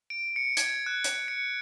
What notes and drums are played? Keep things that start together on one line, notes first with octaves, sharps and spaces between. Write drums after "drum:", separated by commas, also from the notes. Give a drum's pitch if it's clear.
D7
C#7
G#6, drum: hi-hat
F#6
drum: hi-hat
C#7